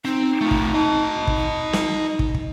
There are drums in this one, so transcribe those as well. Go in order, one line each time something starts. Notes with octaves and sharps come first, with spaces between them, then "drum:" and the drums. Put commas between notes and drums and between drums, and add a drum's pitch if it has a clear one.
C4 D#4
A3 F4
drum: kick
D#5 A5
drum: kick
D#4
drum: snare
drum: kick
drum: kick